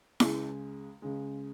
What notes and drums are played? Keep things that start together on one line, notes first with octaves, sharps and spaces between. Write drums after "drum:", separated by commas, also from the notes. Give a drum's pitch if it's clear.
C#2 C#3 G#3, drum: snare E4
C#2 C#3 G#3